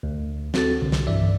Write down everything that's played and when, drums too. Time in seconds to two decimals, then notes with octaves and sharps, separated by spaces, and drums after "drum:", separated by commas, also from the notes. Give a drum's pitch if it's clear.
0.03 D2
0.54 C4 F#4 A4 A6, drum: snare
0.82 C2 D3
0.92 drum: snare
1.07 B1 G2 E3 D5 E5